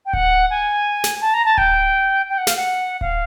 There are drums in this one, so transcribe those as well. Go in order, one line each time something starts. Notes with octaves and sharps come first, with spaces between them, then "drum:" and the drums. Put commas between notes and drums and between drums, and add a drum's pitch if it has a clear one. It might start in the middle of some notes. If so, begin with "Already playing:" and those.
G5
F#5, drum: kick D1
G#5
drum: snare
A5
A#5
A5
G5, drum: kick D1
G5
F#5
F5, drum: snare
F#5
F5, drum: kick D1